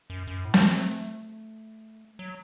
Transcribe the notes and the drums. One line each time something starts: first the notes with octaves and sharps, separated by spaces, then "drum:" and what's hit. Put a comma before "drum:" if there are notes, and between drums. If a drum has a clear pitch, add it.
F#2
F#2
A2
C3, drum: snare
D#3
F#3
A3
F#3